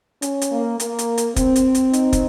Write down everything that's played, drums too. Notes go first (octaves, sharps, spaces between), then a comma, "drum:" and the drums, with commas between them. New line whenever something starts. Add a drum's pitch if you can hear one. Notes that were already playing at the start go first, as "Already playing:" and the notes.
C#4, drum: hi-hat
drum: hi-hat
A#3
A#3, drum: hi-hat
drum: hi-hat
drum: hi-hat
C4, drum: kick, hi-hat
drum: hi-hat
drum: hi-hat
D#4, drum: hi-hat
drum: kick, hi-hat